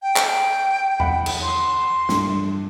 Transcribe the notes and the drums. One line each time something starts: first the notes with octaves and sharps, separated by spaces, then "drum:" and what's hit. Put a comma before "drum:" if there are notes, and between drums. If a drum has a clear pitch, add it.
G5
drum: clap
F#5 B5, drum: tom E2
drum: cymbal
C6
G2, drum: snare